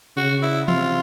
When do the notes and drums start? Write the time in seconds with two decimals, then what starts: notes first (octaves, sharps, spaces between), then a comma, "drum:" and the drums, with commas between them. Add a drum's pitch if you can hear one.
0.16 C#3 F#4
0.43 E4
0.68 C3 F4, drum: tom E3